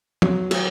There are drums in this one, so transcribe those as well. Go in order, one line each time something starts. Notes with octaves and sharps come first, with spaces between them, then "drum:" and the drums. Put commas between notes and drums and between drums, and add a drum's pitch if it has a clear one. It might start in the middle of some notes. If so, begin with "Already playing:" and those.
F#3, drum: tom
F#3, drum: cymbal